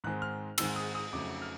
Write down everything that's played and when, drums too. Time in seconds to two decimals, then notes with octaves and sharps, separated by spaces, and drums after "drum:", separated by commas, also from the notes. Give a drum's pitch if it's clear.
0.04 G#2 D#3 G#3 C4 F#6
0.22 F6
0.58 G#2 D#3 G#3 C4 E6, drum: cymbal
0.76 D#6
0.95 D#6
1.13 F2 C#3 F#3 A3 C4 D6
1.31 D6
1.42 F6